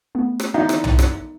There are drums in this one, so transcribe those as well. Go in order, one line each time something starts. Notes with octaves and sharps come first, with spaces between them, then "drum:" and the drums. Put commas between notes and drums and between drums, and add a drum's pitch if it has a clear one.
A3 B3
drum: rim click
D3 E3 F#3 D#4 E5
drum: rim click
drum: tom
drum: rim click